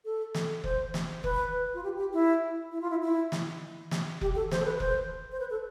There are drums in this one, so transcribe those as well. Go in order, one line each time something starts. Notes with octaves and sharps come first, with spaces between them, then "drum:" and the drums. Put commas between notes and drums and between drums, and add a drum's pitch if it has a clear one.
A4
drum: snare
C5, drum: kick F1
drum: snare
B4, drum: kick F1
F4
G4
G4
E4
E4
F4
E4
E4
drum: snare
drum: snare
G4, drum: kick F1
A4
C5, drum: snare
A4
B4
C5, drum: kick F1
C5
B4
A4